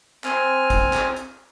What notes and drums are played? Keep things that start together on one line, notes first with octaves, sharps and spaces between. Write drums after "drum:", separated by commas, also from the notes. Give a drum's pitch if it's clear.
C4 G#5 F6, drum: clap
drum: kick, hi-hat
drum: clap
drum: hi-hat